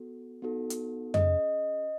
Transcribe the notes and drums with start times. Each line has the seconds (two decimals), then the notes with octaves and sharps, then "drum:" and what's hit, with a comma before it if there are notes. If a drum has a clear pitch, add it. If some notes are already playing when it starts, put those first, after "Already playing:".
Already playing: B3 F#4 A4
0.42 B3 D#4 F#4 A4
0.70 drum: hi-hat
1.14 C#4 G#4 D#5, drum: tom F2